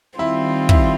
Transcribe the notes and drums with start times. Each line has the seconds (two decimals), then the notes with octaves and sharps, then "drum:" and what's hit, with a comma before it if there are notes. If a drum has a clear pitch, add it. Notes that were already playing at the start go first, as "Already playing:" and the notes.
0.18 D#3 G3 C4 E4 F4
0.69 E4, drum: kick